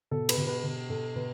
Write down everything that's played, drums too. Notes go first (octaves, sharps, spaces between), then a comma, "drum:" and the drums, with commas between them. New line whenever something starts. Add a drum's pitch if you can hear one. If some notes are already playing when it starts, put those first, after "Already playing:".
B2 A4
B4, drum: cymbal
B2
B4
B2
B2 A4
B2 B4